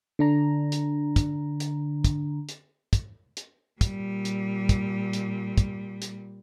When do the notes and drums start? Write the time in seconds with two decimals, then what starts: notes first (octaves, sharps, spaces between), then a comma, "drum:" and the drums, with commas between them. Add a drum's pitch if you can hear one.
0.19 D3 D4 A#5
0.72 drum: hi-hat
1.16 drum: kick, hi-hat
1.60 drum: hi-hat
2.04 drum: kick, hi-hat
2.49 drum: hi-hat
2.93 drum: kick, hi-hat
3.37 drum: hi-hat
3.81 A#2 G3, drum: kick, hi-hat
4.25 drum: hi-hat
4.69 drum: kick, hi-hat
5.13 drum: hi-hat
5.58 drum: kick, hi-hat
6.02 drum: hi-hat